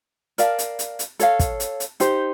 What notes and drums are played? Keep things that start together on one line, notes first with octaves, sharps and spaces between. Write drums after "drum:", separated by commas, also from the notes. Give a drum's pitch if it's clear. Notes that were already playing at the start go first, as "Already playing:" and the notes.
A#4 D5 F5 A5, drum: hi-hat
drum: hi-hat
drum: hi-hat
drum: hi-hat
A4 C#5 F5, drum: hi-hat
drum: kick, hi-hat
drum: hi-hat
drum: hi-hat
D#4 G4 C5, drum: hi-hat